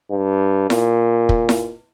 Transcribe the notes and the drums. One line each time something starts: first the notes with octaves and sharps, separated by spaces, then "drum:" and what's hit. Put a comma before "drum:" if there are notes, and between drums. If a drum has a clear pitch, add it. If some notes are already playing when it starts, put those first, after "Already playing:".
G2
A#2, drum: snare E4
drum: kick
drum: snare E4